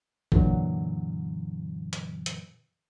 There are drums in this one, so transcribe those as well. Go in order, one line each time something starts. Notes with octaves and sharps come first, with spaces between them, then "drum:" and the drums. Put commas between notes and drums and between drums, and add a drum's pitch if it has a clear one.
F#2 A#2 D3 E3 F#3, drum: kick A1
drum: hi-hat
drum: hi-hat